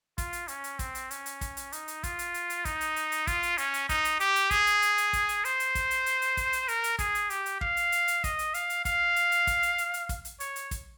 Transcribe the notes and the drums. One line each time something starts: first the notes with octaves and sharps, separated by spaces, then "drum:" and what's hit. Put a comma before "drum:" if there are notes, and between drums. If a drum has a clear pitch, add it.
F4, drum: kick, hi-hat
drum: hi-hat
C#4, drum: hi-hat
drum: hi-hat
C4, drum: kick, hi-hat
drum: hi-hat
C#4, drum: hi-hat
drum: hi-hat
drum: kick, hi-hat
drum: hi-hat
D#4, drum: hi-hat
drum: hi-hat
F4, drum: kick, hi-hat
drum: hi-hat
drum: hi-hat
drum: hi-hat
D#4, drum: kick, hi-hat
drum: hi-hat
drum: hi-hat
drum: hi-hat
F4, drum: kick, hi-hat
drum: hi-hat
C#4, drum: hi-hat
drum: hi-hat
D#4, drum: kick, hi-hat
drum: hi-hat
G4, drum: hi-hat
drum: hi-hat
G#4, drum: kick, hi-hat
drum: hi-hat
drum: hi-hat
drum: hi-hat
drum: kick, hi-hat
drum: hi-hat
C5, drum: hi-hat
drum: hi-hat
drum: kick, hi-hat
drum: hi-hat
drum: hi-hat
drum: hi-hat
drum: kick, hi-hat
drum: hi-hat
A#4, drum: hi-hat
drum: hi-hat
G#4, drum: kick, hi-hat
drum: hi-hat
G4, drum: hi-hat
drum: hi-hat
F5, drum: kick
drum: hi-hat
drum: hi-hat
drum: hi-hat
D#5, drum: kick, hi-hat
drum: hi-hat
F5, drum: hi-hat
drum: hi-hat
F5, drum: kick, hi-hat
drum: hi-hat
drum: hi-hat
drum: kick, hi-hat
drum: hi-hat
drum: hi-hat
drum: hi-hat
drum: kick, hi-hat
drum: hi-hat
C#5, drum: hi-hat
drum: hi-hat
drum: kick, hi-hat